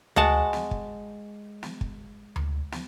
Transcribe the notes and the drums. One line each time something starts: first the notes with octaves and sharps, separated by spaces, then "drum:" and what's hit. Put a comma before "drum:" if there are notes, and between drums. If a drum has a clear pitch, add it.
G#3 F#4 F#5 A5, drum: tom D2
drum: snare
drum: kick
drum: snare
drum: kick
drum: tom D2
drum: snare